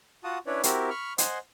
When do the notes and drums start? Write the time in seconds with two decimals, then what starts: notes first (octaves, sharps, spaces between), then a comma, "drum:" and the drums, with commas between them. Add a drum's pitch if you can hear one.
0.24 F4 F#4 F#5 A5 D#6
0.47 C#4 D4 E4 B4 C#5 D5
0.63 C4 E4 F#4 G4 A#4, drum: hi-hat
0.90 B5 C#6 F6
1.18 C5 D#5 F#5 G#5 C6, drum: hi-hat